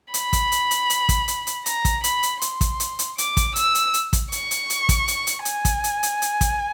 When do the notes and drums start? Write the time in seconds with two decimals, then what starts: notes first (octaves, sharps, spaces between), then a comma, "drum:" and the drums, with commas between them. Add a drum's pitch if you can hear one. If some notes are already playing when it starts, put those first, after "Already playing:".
0.14 B5, drum: hi-hat
0.33 drum: kick, hi-hat
0.52 drum: hi-hat
0.71 drum: hi-hat
0.90 drum: hi-hat
1.09 drum: kick, hi-hat
1.28 drum: hi-hat
1.47 drum: hi-hat
1.66 A#5, drum: hi-hat
1.85 drum: kick, hi-hat
2.04 B5, drum: hi-hat
2.23 drum: hi-hat
2.41 C6, drum: hi-hat
2.61 drum: kick, hi-hat
2.80 drum: hi-hat
2.99 drum: hi-hat
3.18 D6, drum: hi-hat
3.37 drum: kick, hi-hat
3.56 E6, drum: hi-hat
3.75 drum: hi-hat
3.94 drum: hi-hat
4.13 drum: kick, hi-hat
4.32 C#6, drum: hi-hat
4.51 drum: hi-hat
4.70 drum: hi-hat
4.89 drum: kick, hi-hat
5.08 drum: hi-hat
5.27 drum: hi-hat
5.45 G#5, drum: hi-hat
5.65 drum: kick, hi-hat
5.84 drum: hi-hat
6.03 drum: hi-hat
6.22 drum: hi-hat
6.41 drum: kick, hi-hat